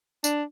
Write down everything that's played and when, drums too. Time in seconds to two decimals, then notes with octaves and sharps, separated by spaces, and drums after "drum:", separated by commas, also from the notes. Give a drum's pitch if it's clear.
0.24 D4, drum: tambourine